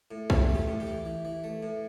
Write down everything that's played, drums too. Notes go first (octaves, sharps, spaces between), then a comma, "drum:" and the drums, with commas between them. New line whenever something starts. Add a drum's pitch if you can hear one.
A2
E3 G4, drum: kick A#1
A3
G4
A2
G4
E3
E3
E3
A3
A2